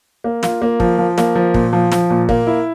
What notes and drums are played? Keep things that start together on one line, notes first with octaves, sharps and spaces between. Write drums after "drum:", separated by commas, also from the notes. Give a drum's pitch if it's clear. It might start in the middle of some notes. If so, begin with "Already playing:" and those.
A#3
F4, drum: snare
A#3
F3, drum: kick
F3
A#3, drum: snare
F3
A#2, drum: kick
F3
F3, drum: snare
A#2
A#3, drum: kick
E4